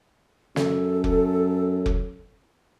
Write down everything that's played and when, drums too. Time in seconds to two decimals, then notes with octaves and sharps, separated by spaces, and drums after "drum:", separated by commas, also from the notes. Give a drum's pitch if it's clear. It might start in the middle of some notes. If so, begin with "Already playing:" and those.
0.56 F#2 A4, drum: snare
1.04 drum: kick F1
1.86 drum: kick F1